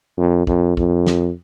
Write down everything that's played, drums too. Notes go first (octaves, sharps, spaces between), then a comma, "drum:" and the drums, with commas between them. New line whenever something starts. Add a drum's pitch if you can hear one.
F2
F2, drum: kick
F2, drum: kick
drum: snare